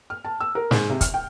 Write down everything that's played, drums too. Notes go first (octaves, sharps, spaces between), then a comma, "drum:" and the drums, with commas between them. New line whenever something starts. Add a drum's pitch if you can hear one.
F6
A5
E6
A#4
G#2, drum: snare
C3
F6, drum: kick, hi-hat
G5